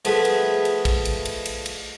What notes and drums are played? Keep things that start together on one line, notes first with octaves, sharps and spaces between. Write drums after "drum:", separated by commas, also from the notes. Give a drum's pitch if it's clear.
F3 A3 B3 G#4 B4, drum: cymbal
drum: cymbal
drum: cymbal
drum: kick, cymbal
drum: cymbal
drum: cymbal
drum: cymbal
drum: cymbal